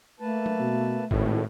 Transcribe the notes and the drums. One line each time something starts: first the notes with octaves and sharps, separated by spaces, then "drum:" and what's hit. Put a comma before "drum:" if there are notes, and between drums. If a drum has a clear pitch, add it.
A3 A#3 B4 A5
drum: tom F#3
B2
G#1 A2 C#4, drum: kick G#1